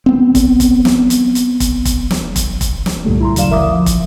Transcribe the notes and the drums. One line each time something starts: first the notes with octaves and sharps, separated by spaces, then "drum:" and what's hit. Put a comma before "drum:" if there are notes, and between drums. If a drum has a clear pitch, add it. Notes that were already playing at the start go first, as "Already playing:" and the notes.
B3 C4
drum: kick, hi-hat
drum: kick, hi-hat
drum: snare
drum: hi-hat
drum: hi-hat
drum: kick, hi-hat
drum: kick, hi-hat
drum: snare
drum: kick, hi-hat
drum: kick, hi-hat
drum: snare
C2 G2 A#2 D3 G3 A3
E4 A#5 C6
D2 C#3 F#3 D5 F5 E7, drum: hi-hat
G1 E3 A#4 E5 D6 D#6
F3
drum: kick, hi-hat